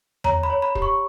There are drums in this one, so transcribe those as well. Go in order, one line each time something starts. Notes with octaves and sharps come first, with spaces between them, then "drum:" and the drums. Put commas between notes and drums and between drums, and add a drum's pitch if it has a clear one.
C#5 A#5, drum: tom E2
B5
C#5
B5
G4, drum: kick
C#6